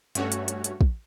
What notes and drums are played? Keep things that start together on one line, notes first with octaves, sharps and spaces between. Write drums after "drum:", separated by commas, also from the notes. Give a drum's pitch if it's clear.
G2 A3 C#4 F#4 C#5, drum: hi-hat
drum: hi-hat
drum: hi-hat
drum: hi-hat
drum: kick